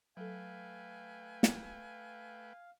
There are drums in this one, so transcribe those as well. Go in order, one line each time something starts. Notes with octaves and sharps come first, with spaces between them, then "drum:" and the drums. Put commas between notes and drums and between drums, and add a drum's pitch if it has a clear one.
F#3 A3 A4 B4 F5 G5 G#5
drum: snare